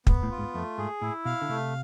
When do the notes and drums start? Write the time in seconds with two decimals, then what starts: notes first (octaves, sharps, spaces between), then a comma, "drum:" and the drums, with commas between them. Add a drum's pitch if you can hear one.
0.07 G#2 B3, drum: kick
0.23 A2
0.31 F4
0.38 G#2
0.54 F2 A3
0.78 G#2 G#4
1.01 A2 E4
1.25 B2 F5
1.42 D3
1.49 C3 A3